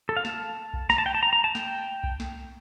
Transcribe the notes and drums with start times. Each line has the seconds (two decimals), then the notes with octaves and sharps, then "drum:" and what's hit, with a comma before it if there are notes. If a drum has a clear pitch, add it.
0.09 A4
0.17 F5
0.25 A5, drum: snare
0.74 drum: kick B1
0.90 A#5, drum: snare
0.98 A5
1.06 G5
1.15 A5
1.23 A#5
1.33 A#5
1.44 A5
1.55 G5, drum: snare
2.04 drum: kick B1
2.20 drum: snare